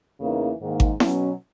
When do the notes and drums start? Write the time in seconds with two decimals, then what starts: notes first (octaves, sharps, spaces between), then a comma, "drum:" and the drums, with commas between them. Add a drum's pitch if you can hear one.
0.19 E2 C#3 E3 A#3 D#4
0.60 G#2 D#3 A#3
0.80 drum: kick G#1
1.00 B2 F#3 C#4, drum: snare E4